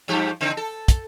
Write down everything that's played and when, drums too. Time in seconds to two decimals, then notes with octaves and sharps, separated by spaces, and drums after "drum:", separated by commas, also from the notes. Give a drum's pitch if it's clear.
0.08 G2 F3 G4
0.41 C#3 C4
0.57 A4
0.88 drum: kick, hi-hat